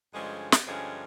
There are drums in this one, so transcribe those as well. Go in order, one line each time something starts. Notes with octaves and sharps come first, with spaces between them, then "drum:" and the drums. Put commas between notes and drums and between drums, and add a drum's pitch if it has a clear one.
G2 D3 F3 G#3 C#4
drum: snare
G2 D3 F3 G#3 C#4